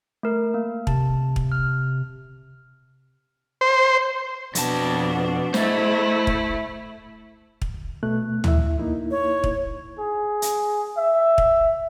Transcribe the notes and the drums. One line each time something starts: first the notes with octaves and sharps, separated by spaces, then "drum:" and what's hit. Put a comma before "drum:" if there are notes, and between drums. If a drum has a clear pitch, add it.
A3 A#4
A#3
C3 A5, drum: kick
drum: kick
F6
C5
F2 B2 D4 A5, drum: hi-hat
A3 E4 C5 D#5, drum: snare
drum: kick
drum: kick
D2
B2 A3 F#6
E4 E5, drum: tom
A#3 D#4 E4
C#5
drum: kick
G#4
drum: hi-hat
E5
drum: kick